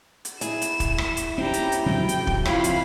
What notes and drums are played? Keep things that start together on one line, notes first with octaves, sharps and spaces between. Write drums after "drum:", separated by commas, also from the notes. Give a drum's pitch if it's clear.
drum: hi-hat
E4 G#4 E7, drum: hi-hat
drum: hi-hat
drum: kick, hi-hat
drum: rim click
drum: hi-hat
C4 C#4 G4 A#5
drum: hi-hat
drum: hi-hat
C#3 F#3 C4 G5
drum: hi-hat
drum: kick
F2 E4 F4 F5 B5, drum: rim click
drum: hi-hat